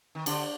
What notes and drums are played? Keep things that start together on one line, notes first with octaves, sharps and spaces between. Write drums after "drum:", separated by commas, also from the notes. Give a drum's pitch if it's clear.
D#3
D3 D4, drum: cymbal